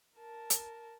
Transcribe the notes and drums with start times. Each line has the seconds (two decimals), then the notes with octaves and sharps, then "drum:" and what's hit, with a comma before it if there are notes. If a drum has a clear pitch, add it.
0.17 A#4 A5
0.50 drum: hi-hat